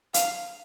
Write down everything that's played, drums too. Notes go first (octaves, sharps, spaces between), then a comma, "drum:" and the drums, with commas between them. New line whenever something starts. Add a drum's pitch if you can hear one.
F5, drum: hi-hat